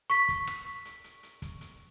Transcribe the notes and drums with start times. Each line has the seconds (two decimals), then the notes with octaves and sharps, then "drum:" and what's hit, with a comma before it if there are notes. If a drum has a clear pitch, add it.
0.10 C#6 B6, drum: hi-hat
0.29 drum: kick, hi-hat
0.47 drum: rim click
0.85 drum: hi-hat
1.04 drum: hi-hat
1.23 drum: hi-hat
1.42 drum: kick, hi-hat
1.61 drum: hi-hat